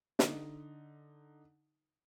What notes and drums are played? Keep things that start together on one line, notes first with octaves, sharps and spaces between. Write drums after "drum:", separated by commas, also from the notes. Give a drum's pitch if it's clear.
D3 D#4, drum: snare